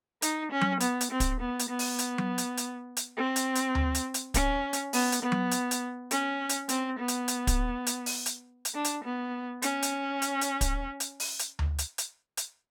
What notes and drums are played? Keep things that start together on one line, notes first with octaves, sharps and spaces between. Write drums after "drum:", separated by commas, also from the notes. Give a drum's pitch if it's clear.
D#4, drum: hi-hat
C#4
drum: tom F#3
B3, drum: hi-hat
drum: hi-hat
C4
drum: kick, hi-hat
B3
drum: hi-hat
B3
drum: open hi-hat
drum: hi-hat
drum: tom F#3
drum: hi-hat
drum: hi-hat
drum: hi-hat
C4
drum: hi-hat
drum: hi-hat
drum: tom D2
drum: hi-hat
drum: hi-hat
C#4, drum: kick, hi-hat
drum: hi-hat
B3, drum: open hi-hat
drum: hi-hat
B3
drum: tom F#3
drum: hi-hat
drum: hi-hat
C#4, drum: hi-hat
drum: hi-hat
C4, drum: hi-hat
B3
drum: hi-hat
drum: hi-hat
drum: kick, hi-hat
drum: hi-hat
drum: open hi-hat
drum: hi-hat
drum: hi-hat
D4
drum: hi-hat
B3
C#4, drum: hi-hat
drum: hi-hat
drum: hi-hat
drum: hi-hat
drum: kick, hi-hat
drum: hi-hat
drum: open hi-hat
drum: hi-hat
drum: tom D2
drum: hi-hat
drum: hi-hat
drum: hi-hat